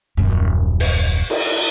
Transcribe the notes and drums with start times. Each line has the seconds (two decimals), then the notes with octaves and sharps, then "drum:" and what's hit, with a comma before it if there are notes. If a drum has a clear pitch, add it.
0.17 D#1 F#2
0.80 drum: open hi-hat
1.30 drum: cymbal